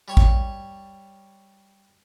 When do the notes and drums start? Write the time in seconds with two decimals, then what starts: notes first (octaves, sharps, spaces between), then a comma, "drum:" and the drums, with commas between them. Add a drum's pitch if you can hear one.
0.08 G3 C#5 C#6
0.17 drum: kick